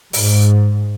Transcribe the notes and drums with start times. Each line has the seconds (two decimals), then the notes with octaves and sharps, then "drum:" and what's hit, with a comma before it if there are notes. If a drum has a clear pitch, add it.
0.13 G#2, drum: open hi-hat